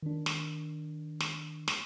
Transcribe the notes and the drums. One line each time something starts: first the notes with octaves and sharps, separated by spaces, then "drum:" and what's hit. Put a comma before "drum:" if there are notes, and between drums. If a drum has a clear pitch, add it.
D#3 D4
drum: snare
drum: snare
drum: snare